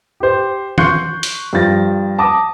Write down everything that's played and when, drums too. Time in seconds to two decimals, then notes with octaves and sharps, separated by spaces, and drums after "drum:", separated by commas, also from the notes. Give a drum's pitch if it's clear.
0.20 G4 C5
0.78 C6 C#6 F#6 G6 C7 C#7, drum: tom D#3
1.23 drum: hi-hat
1.53 G2 F3 A6 A#6
2.19 A5 D6 D#6 A#6